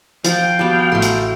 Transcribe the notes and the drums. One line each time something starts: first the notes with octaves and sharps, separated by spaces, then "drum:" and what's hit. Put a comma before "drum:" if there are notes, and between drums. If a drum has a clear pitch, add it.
F3 F5 G5 A5, drum: hi-hat
G3 B3 F#4 A5
A1 A3 C6
drum: hi-hat